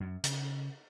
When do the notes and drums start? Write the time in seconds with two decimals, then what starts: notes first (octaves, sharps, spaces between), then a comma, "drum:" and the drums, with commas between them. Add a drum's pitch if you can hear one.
0.01 F#2
0.24 C#3, drum: hi-hat